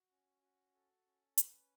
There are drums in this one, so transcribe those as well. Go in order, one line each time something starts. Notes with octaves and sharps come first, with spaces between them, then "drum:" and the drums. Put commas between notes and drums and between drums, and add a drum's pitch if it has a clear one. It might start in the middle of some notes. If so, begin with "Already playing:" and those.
Already playing: F#4
C#4
F#4
A4
C#4
B4, drum: hi-hat